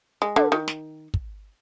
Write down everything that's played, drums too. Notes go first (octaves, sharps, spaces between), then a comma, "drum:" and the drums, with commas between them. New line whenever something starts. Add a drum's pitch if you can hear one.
G#3
D3, drum: tom
D#3
drum: snare
drum: kick